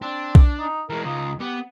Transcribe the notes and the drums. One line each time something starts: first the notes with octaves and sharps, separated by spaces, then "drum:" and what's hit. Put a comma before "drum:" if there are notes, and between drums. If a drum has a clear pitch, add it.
C4 D4
drum: kick B1
D#4
E3 G#3 A#4
C#2 D#4 F4
B3 G4